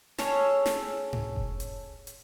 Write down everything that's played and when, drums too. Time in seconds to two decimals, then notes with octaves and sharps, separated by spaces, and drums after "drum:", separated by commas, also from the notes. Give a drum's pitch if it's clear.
0.18 C#4 G#4 A4 C#5, drum: snare
0.66 drum: snare
1.13 drum: tom G#2
1.36 drum: kick F1
1.60 drum: hi-hat
2.07 drum: hi-hat